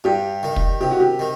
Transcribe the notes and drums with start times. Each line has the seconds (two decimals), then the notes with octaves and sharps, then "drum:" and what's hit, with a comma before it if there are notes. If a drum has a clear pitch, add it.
0.04 G2 G4
0.43 D#3
0.56 drum: kick
0.81 C3 G4
0.91 F#4
1.00 G4
1.19 D#3